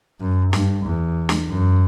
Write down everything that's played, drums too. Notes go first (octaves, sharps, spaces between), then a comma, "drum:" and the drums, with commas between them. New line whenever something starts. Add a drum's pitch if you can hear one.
F#2
G2, drum: snare
E2
drum: snare
F#2